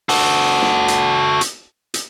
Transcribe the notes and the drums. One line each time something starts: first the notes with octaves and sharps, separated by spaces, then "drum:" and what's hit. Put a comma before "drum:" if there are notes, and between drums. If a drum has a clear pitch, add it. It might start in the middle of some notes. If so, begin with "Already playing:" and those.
F#4 A4, drum: open hi-hat
drum: snare
drum: hi-hat
drum: hi-hat
drum: hi-hat